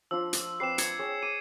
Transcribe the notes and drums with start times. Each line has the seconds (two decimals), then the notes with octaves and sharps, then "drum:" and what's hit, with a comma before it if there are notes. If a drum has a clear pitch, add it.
0.11 F3 D4 F4 E6
0.33 drum: hi-hat
0.60 C4 B4 D5 C7 E7
0.78 A#5 E6 G#6 C#7, drum: hi-hat
0.99 G#4 C#5
1.23 D6 D#7